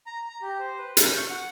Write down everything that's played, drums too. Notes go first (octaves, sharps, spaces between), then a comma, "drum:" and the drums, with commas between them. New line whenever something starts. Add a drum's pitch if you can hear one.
A#5
A#5
G4
C5
B4
G6, drum: hi-hat
C#6
F#5